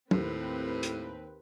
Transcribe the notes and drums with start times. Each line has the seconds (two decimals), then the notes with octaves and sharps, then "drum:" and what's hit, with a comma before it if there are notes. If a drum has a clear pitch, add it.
0.11 D#2 A2 C4 B4, drum: tom
0.83 drum: hi-hat